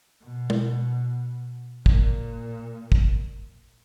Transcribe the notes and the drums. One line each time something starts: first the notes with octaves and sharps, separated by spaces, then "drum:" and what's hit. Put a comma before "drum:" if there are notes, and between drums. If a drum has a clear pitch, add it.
B2
drum: tom G#3
A#2, drum: kick
drum: kick